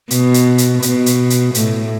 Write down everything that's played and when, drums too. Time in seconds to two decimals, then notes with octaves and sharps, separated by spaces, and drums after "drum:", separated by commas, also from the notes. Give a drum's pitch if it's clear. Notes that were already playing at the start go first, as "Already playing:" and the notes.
0.11 B2, drum: hi-hat
0.34 drum: hi-hat
0.58 drum: hi-hat
0.82 B2, drum: hi-hat
1.06 drum: hi-hat
1.30 drum: hi-hat
1.54 A2, drum: hi-hat